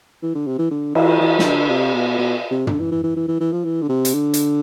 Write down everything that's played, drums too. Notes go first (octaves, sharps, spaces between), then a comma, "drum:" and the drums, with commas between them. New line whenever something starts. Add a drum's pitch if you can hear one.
E3
D3
C3
E3
D3
E3, drum: cymbal
E3
E3, drum: snare
D3
C3
B2
B2
C3
D3, drum: tom
E3
E3
E3
E3
E3
E3
F3
E3
D3
C3
drum: hi-hat
D3
drum: hi-hat